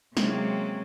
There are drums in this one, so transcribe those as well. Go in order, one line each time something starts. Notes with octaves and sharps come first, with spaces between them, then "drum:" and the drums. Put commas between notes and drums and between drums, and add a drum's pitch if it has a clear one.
C3 F#3 G#3 A#3 C4 C#4, drum: snare